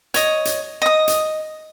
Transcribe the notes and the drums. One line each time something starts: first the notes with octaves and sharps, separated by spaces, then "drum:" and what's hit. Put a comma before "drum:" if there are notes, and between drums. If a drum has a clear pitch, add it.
C#5 D#5, drum: hi-hat
drum: hi-hat
D#5 D#6
drum: hi-hat